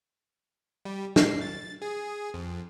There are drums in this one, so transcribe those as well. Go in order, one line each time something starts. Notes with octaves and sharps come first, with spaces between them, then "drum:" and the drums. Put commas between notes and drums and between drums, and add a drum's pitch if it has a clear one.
G3
C7, drum: snare
A6
G#4
F2